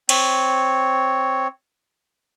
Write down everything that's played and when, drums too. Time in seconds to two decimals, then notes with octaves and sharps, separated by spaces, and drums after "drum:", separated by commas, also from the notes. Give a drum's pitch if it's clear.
0.09 C4 C#5, drum: cymbal